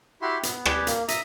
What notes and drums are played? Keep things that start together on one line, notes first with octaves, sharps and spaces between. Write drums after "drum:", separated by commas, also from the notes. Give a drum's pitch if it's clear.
E4 F#4 G4 E5 C6
B3, drum: hi-hat
G4 G#4 B4 D5, drum: rim click
A#3, drum: hi-hat
E5 A#5 D#6, drum: hi-hat